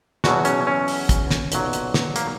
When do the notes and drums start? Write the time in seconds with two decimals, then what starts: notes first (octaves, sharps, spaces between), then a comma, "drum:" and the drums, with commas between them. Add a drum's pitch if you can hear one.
0.24 E2 B2 F#3 F#4, drum: snare
0.45 C#4, drum: hi-hat
0.67 C#4
0.88 drum: open hi-hat
1.09 drum: kick, hi-hat
1.30 drum: snare
1.52 B1 A#2 F#3, drum: hi-hat
1.73 drum: hi-hat
1.94 drum: snare
2.16 A#3, drum: hi-hat